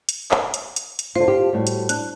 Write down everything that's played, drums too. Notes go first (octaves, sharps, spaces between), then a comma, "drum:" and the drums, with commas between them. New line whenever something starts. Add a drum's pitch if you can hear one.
drum: hi-hat
drum: clap
drum: hi-hat
drum: hi-hat
drum: hi-hat
D3 F4 C5
F4 G4
A2 G3 F#4
drum: hi-hat
D4 F#6, drum: hi-hat